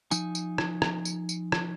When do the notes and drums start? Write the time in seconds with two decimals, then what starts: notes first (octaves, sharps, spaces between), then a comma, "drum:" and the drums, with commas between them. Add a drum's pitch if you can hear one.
0.11 F3 D#4 G#5, drum: tambourine
0.35 drum: tambourine
0.58 drum: rim click
0.82 drum: rim click
1.05 drum: tambourine
1.29 drum: tambourine
1.52 drum: rim click